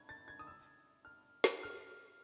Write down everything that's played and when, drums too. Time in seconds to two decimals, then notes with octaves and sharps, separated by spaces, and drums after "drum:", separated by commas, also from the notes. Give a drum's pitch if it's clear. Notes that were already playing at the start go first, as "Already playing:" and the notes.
Already playing: G#6
0.09 A6
0.28 G#6
0.39 D#6
0.47 E6
1.05 F6
1.44 drum: snare
1.63 F6